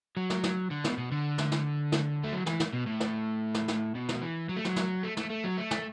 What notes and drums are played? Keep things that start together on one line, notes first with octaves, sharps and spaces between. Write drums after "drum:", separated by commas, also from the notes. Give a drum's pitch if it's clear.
F#3
drum: snare
drum: snare
D3
B2, drum: snare
B2
D3
drum: snare
drum: snare
drum: snare
A3
F#3
E3, drum: snare
drum: snare
B2
A2
drum: snare
drum: snare
drum: snare
B2
drum: snare
E3
F#3
A3
F#3, drum: snare
drum: snare
A3
A3, drum: snare
A3
F#3
A3
drum: snare